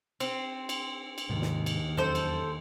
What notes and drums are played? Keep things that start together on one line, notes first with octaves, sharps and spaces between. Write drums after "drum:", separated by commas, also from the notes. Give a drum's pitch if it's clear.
C4, drum: cymbal
drum: cymbal
drum: cymbal
D#2 G#2 C3 F3
drum: snare
drum: cymbal
E2 F#3 C#4 A4 C5
drum: cymbal